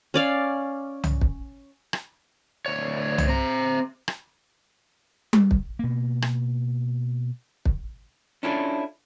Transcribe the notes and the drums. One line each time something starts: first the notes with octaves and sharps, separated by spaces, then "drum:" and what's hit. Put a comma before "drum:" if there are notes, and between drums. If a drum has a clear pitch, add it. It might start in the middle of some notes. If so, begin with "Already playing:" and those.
C#4 D5 F5
drum: tom C2
drum: kick
drum: rim click
D2 C#5
drum: tom C2
C4 A#5
drum: rim click
drum: tom G3
drum: kick
B2 A#3
drum: rim click
drum: kick
C#4 D4 E4 F4 A4